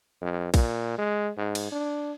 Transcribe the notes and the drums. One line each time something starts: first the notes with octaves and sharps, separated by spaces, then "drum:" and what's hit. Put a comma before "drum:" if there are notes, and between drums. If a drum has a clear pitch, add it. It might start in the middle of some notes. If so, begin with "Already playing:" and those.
F2
A#2, drum: kick, cymbal
G#3
G#2
drum: cymbal
D4